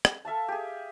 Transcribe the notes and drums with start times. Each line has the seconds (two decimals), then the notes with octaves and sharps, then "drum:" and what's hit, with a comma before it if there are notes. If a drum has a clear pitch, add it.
0.05 drum: rim click
0.25 A4 E5 F5 A5
0.48 G4 G#4